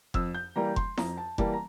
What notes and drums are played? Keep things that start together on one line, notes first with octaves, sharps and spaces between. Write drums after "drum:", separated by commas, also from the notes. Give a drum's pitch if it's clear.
F2 E6, drum: kick F1
G6
E3 G3 A#3 A#5
C6, drum: kick F1
F2 A#5, drum: snare E4
A5
E3 G3 A#3 A5, drum: kick F1
A#5